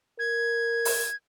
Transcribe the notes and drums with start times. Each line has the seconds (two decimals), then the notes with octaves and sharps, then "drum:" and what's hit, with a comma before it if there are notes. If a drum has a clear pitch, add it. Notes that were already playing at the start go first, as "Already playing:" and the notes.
0.19 A#4 G#6
0.85 drum: open hi-hat